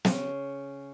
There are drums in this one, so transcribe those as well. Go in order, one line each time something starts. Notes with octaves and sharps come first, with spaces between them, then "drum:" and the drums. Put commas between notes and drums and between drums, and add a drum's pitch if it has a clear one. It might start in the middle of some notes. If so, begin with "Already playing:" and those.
C#3, drum: snare